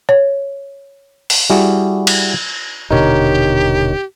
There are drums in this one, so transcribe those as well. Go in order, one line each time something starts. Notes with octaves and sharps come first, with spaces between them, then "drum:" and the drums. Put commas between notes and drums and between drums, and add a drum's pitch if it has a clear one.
C#5
drum: open hi-hat
G3 E4 F#4 G#4
drum: cymbal
D#1 B2 D3 D#4 G4 A#4 C#5